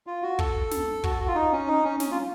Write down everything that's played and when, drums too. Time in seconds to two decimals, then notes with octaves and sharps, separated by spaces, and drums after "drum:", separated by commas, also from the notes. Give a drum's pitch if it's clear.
0.07 F4
0.22 F#4
0.39 A4, drum: kick
0.71 drum: snare
1.04 F#4, drum: kick
1.11 A4
1.20 F#4
1.28 F4
1.35 D#4
1.52 C#4
1.68 D#4
1.84 C#4
2.00 C#4, drum: snare
2.11 F4